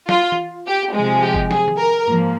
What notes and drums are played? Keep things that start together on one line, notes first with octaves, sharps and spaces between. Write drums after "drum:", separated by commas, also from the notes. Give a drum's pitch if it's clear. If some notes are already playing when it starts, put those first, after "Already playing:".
F4, drum: snare
drum: tom E3
G4
C3 F3 G#3
G4
drum: kick G1
G#4, drum: snare
drum: tom D#3
A#4
G#2 F3 A#3